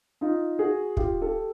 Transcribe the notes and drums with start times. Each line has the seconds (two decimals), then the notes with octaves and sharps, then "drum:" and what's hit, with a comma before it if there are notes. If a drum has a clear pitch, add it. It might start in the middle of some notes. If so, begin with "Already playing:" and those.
0.21 D#4 F4
0.59 F#4 G#4
0.97 F4 G4, drum: kick
1.22 G4 A4